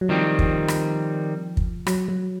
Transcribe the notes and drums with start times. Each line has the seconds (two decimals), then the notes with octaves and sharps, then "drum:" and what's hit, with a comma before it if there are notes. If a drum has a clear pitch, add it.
0.01 F#3
0.09 D#3 F3 G3 C4
0.39 drum: kick
0.68 drum: rim click
1.57 drum: kick
1.87 F#3, drum: rim click
2.08 F#3